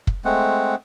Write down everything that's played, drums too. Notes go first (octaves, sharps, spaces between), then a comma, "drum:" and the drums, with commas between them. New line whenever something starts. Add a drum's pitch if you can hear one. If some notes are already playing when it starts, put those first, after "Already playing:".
drum: kick
G#3 A3 C4 F#5